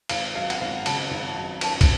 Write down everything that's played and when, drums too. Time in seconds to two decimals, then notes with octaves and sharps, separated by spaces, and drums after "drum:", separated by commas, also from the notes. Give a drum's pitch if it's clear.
0.09 G#1 F5, drum: cymbal
0.35 F#2 F5
0.50 F#5, drum: cymbal
0.61 G#1 F5
0.86 C#3 A5, drum: cymbal
1.11 G#1
1.37 F#2
1.61 C#4 A5, drum: cymbal
1.81 drum: kick, cymbal